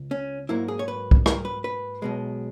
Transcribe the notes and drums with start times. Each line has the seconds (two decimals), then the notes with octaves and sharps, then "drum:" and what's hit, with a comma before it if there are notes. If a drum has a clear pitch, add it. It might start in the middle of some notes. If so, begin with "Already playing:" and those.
Already playing: C#2
0.11 C#4
0.49 G#2 F#3 A#3 E4
0.68 G#4
0.79 C#5
0.88 B4
1.11 drum: kick C2
1.26 A#4, drum: rim click
1.45 B4
1.64 B4
2.02 B1 B2 G#3